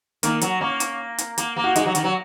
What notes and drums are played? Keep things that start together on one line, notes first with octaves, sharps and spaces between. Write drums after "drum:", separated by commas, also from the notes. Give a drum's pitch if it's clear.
D#3 A#3, drum: hi-hat
F#3, drum: hi-hat
A#3 C#4
drum: hi-hat
drum: hi-hat
A#3, drum: hi-hat
A#3
F#4
G#3 D#4, drum: hi-hat
F#3
D#3, drum: hi-hat
F#3